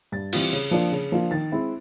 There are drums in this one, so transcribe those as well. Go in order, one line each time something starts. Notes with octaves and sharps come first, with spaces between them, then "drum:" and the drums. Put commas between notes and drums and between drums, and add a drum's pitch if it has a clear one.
G2 A6
E3 G3 C4 F4, drum: cymbal
C#3
F3 A#3 D4 F4
C#3
F3 A#3 D4 F4
D#3 A6
G#3 C4 E4